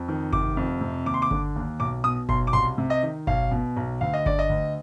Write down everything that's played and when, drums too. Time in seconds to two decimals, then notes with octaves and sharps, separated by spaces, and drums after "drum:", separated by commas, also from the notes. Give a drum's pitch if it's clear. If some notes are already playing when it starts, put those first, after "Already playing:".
Already playing: F2
0.08 D#3
0.33 F1 D6, drum: kick G1
0.57 F2
0.81 C3
1.06 D#2 D6
1.14 C6
1.22 D6
1.31 D3, drum: kick G1
1.56 D#2
1.80 B1 D6
2.04 B2 D#6
2.29 B1 C6, drum: kick G1
2.47 D6
2.53 C2 C6
2.78 C3
2.90 D#5
3.03 D#3
3.27 B1 F5, drum: kick G1
3.51 B2
3.77 B1
4.01 D2 F5
4.14 D#5
4.26 D3 D5, drum: kick G1
4.39 D#5
4.49 D2